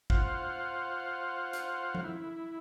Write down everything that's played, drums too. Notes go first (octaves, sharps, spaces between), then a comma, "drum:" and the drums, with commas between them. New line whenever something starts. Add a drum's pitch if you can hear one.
F4 C5 F5 F#5, drum: kick
drum: hi-hat
drum: tom F3
E4